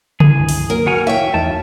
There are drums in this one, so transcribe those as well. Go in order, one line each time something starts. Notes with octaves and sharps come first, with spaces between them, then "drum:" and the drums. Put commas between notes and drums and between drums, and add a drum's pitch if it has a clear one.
E4 G#4 G#5, drum: tom C#3
C#2 G2
drum: open hi-hat
F#3 A#3 A#4
D#2 F#4 F#5 G#5 C#6 F6
E4 F#4 C#5 E5 F5 G5
E2 A3 D#4 A5